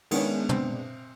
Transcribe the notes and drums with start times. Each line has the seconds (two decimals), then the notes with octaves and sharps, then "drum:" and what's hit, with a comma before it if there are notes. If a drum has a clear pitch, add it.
0.11 D#3 G#3 B3 C#4 D4, drum: cymbal
0.49 C4, drum: tom